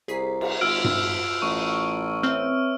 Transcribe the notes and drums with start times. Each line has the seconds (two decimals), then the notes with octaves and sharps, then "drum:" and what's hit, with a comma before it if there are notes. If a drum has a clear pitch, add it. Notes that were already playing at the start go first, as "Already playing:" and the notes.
0.08 C2 G#4 C5 A#5 B6 C7
0.41 drum: cymbal
0.61 G#1 F4 E6 F6 D7
0.84 drum: tom G2
1.42 A1 C#6
2.23 C4 B4 C#5 E5 F6